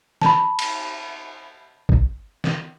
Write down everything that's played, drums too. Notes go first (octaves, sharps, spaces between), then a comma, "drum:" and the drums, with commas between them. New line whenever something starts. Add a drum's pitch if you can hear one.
A5 B5, drum: snare
drum: cymbal
drum: kick
drum: snare